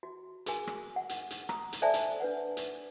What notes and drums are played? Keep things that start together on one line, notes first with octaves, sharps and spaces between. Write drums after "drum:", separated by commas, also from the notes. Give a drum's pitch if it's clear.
F#4
F#4 G#4 A#4 G#5, drum: hi-hat
drum: rim click
F#5
drum: hi-hat
drum: hi-hat
A#5 D#6, drum: rim click
drum: hi-hat
A4 C5 D5 E5 G#5 A5
drum: hi-hat
D4 B4 F#5
drum: hi-hat